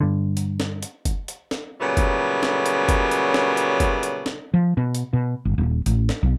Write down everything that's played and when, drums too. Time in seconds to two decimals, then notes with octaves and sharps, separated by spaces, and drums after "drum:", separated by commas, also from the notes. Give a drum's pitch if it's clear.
0.01 G2 D3
0.37 drum: hi-hat
0.60 drum: snare
0.83 drum: hi-hat
1.05 drum: kick F#1, hi-hat
1.28 drum: hi-hat
1.51 drum: snare
1.81 A#2 C#3 F#3 G3 A3 B3
1.97 drum: kick F#1, hi-hat
2.43 drum: snare
2.66 drum: hi-hat
2.89 drum: kick F#1, hi-hat
3.11 drum: hi-hat
3.34 drum: snare
3.57 drum: hi-hat
3.80 drum: kick F#1, hi-hat
4.03 drum: hi-hat
4.26 drum: snare
4.54 F3
4.77 B2
4.95 drum: hi-hat
5.13 B2
5.45 G1
5.58 D#1
5.86 A1, drum: hi-hat
6.09 drum: snare
6.23 B1